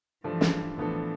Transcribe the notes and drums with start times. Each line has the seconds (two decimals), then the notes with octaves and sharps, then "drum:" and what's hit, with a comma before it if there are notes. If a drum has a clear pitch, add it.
0.24 G2 E3 F3 A3 D4 A4
0.41 drum: snare
0.77 A2 E3 F3 B3 D4 A4